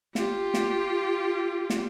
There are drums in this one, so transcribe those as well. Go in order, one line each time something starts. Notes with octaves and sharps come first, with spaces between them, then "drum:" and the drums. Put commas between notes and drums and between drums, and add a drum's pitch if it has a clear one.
F4 G4, drum: snare
drum: snare
drum: snare